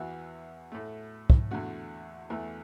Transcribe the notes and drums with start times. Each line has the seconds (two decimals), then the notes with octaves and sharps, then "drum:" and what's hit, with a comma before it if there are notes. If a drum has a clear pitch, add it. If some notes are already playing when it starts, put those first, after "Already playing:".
Already playing: E2 E3 B3 F#4
0.72 A2 A3
1.30 drum: kick
1.51 E2 D3 A3 F#4
2.30 E2 E3 A3